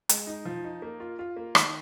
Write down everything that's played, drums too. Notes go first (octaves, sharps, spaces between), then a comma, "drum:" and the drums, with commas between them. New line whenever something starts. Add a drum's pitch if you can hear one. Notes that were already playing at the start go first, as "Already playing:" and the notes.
G#3, drum: hi-hat
D#4
F3
D#4
A#3
F4
F4
A#3
D#3, drum: rim click